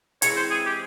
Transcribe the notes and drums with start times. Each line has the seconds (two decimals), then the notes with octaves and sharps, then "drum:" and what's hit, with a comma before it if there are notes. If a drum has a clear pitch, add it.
0.22 E3 G#3 C4 E4 C#5, drum: hi-hat
0.36 C5
0.51 G#4
0.66 G4